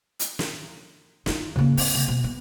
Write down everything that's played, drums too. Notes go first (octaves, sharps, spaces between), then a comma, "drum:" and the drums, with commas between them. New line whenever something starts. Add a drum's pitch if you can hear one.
drum: hi-hat
drum: snare
D#4 F4, drum: snare
C#3 A#3
C4, drum: open hi-hat
C#3
B2
B3